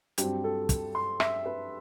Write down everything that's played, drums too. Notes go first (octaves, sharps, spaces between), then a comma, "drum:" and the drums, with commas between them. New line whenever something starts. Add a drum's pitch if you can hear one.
G2 F#3 C4 G4, drum: hi-hat
A4
drum: kick, hi-hat
C6
E5, drum: rim click
B4